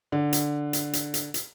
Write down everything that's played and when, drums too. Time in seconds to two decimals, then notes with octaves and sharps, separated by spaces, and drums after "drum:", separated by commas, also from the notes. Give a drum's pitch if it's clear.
0.12 D3
0.33 drum: hi-hat
0.73 drum: hi-hat
0.93 drum: hi-hat
1.14 drum: hi-hat
1.34 drum: hi-hat